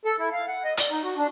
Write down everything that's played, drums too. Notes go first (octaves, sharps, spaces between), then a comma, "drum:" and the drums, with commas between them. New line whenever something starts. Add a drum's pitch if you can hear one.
A4
E4
F5
F#5
D#5
D5, drum: hi-hat
D#4
F#4
D4